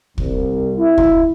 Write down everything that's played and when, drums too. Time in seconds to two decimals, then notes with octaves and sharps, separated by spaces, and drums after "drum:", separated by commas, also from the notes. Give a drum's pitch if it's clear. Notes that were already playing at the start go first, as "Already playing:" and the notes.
0.18 C2, drum: kick
0.78 E4
0.98 drum: kick